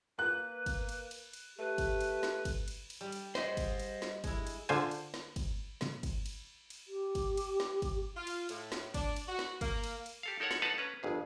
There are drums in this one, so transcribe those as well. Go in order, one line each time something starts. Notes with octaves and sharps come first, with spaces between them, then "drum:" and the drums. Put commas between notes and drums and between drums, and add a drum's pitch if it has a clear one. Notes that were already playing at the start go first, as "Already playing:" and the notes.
A#3 B4 F#6
drum: kick, cymbal
drum: cymbal
drum: cymbal
drum: cymbal
A3 G4 B4
drum: kick, cymbal
drum: cymbal
drum: snare
drum: kick, cymbal
drum: cymbal
drum: cymbal
G3
drum: cymbal
C5 D#5, drum: snare
drum: kick, cymbal
drum: cymbal
drum: snare
G#3 E4, drum: kick, cymbal
drum: cymbal
D3 F4 C5 G#5, drum: cymbal
drum: cymbal
drum: snare
drum: kick, cymbal
drum: snare
drum: kick, cymbal
drum: cymbal
drum: cymbal
G4
drum: kick, cymbal
drum: cymbal
drum: snare
drum: kick, cymbal
F4
drum: cymbal
A2, drum: cymbal
drum: snare
D4, drum: kick, cymbal
drum: cymbal
F#4
drum: snare
A#3, drum: kick, cymbal
drum: cymbal
drum: cymbal
G4 A4 F5
D#4 A4 A#4 C#5 F#5
drum: snare
D#4 A4 B4 F5 F#5 A5
C#4 B4 A#5
G1 F2 G#4